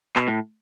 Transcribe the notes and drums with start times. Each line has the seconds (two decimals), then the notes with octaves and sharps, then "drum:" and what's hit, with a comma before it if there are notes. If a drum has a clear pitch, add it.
0.16 B2, drum: clap
0.28 A2